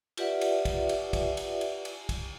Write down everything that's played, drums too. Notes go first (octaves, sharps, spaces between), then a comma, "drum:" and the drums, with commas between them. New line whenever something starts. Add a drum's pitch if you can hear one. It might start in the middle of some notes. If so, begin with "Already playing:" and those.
F4 G4 B4 D5 E5 F#5, drum: cymbal
drum: cymbal
drum: kick, cymbal
drum: cymbal
drum: kick, cymbal
drum: cymbal
drum: cymbal
drum: cymbal
drum: kick, cymbal